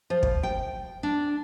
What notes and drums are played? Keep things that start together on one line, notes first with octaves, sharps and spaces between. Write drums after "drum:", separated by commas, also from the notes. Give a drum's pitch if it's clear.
F3
drum: kick
G5
D4